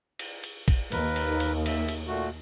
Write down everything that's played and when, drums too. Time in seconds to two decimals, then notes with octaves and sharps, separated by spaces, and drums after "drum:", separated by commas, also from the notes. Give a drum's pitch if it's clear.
0.19 drum: cymbal
0.44 drum: cymbal
0.68 drum: kick, cymbal
0.92 D#2 A#4 B4, drum: cymbal
1.16 drum: cymbal
1.40 drum: cymbal
1.66 E5, drum: cymbal
1.88 drum: cymbal
2.07 A#2 A3 F#4